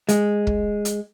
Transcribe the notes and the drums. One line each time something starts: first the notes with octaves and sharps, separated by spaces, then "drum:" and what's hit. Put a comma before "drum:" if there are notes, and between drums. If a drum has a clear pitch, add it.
G#3, drum: hi-hat
drum: kick
drum: hi-hat